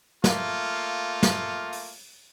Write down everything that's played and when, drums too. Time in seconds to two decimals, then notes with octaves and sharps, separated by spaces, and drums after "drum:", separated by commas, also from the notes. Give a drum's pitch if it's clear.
0.24 A3 A#3 F4, drum: snare
1.23 drum: snare
1.72 drum: open hi-hat